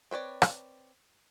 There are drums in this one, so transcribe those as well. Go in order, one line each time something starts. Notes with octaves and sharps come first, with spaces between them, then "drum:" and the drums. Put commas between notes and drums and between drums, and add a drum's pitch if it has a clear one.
C4 B4 C#5 D5
drum: rim click